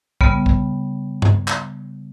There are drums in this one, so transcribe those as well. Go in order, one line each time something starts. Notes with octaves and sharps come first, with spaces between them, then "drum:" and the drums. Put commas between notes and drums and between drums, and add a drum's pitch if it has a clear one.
C#3 G3 B3, drum: kick
drum: kick
drum: tom G2
drum: clap